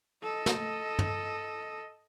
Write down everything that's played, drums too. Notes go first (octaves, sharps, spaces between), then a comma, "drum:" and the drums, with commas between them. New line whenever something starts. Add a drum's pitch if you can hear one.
A4 D#5
drum: snare
drum: tom